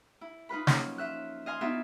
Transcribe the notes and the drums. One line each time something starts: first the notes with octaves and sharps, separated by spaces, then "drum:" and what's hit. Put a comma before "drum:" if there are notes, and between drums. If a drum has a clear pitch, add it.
E4
D#4 F4 B4 B5
F3 F#3 A#3 C#4, drum: snare
F3 E5 F#6
D#5 F5 G#5 C6
B3 D4 D#4 F4 F#4 E5